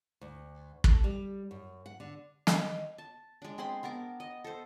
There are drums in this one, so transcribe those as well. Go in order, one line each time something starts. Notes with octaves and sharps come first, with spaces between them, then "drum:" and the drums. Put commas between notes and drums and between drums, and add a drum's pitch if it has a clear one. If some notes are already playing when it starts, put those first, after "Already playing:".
D2
A4, drum: kick
G3
F#2
F#5
D3
D#3, drum: snare
A5
G#3 D4
C4 G#4 B5 C6
B3 A#4 A5 D6
D#5
A4 C5